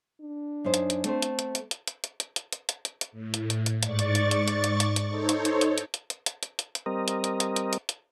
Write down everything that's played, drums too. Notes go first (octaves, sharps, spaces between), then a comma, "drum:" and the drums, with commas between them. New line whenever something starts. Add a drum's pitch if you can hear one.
D4
F#2 D#4 C5
drum: hi-hat
drum: hi-hat
A3 C4 C5, drum: hi-hat
drum: hi-hat
drum: hi-hat
drum: hi-hat
drum: hi-hat
drum: hi-hat
drum: hi-hat
drum: hi-hat
drum: hi-hat
drum: hi-hat
drum: hi-hat
drum: hi-hat
drum: hi-hat
A2
drum: hi-hat
drum: hi-hat
drum: hi-hat
G#2 D5 C#6 A6, drum: hi-hat
drum: hi-hat
drum: hi-hat
drum: hi-hat
drum: hi-hat
drum: hi-hat
drum: hi-hat
drum: hi-hat
D#4 A4 C5 C#5
drum: hi-hat
drum: hi-hat
drum: hi-hat
drum: hi-hat
drum: hi-hat
drum: hi-hat
drum: hi-hat
drum: hi-hat
drum: hi-hat
drum: hi-hat
G3 C4 A#4 D#5
drum: hi-hat
drum: hi-hat
drum: hi-hat
drum: hi-hat
drum: hi-hat
drum: hi-hat